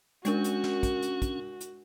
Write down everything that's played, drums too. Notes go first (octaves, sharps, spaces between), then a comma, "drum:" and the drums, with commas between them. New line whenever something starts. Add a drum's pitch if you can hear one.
G#3 C#4 D4 F#4 A#4, drum: hi-hat
drum: hi-hat
drum: snare
drum: kick, hi-hat
drum: hi-hat
drum: kick, hi-hat
drum: hi-hat